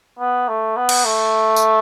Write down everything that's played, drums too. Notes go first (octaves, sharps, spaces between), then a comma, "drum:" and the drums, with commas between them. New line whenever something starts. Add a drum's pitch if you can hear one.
B3
A3
B3
drum: cymbal
A3
drum: tambourine